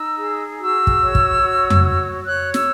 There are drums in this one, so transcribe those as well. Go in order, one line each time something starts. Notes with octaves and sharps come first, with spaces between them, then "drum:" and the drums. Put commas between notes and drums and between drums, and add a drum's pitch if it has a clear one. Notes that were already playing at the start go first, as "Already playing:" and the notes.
Already playing: D#4 E6
G#4
F#4 E6
drum: kick
C#5
drum: kick
F#4
drum: tom F2
C#5
C#5 F#6
E6, drum: snare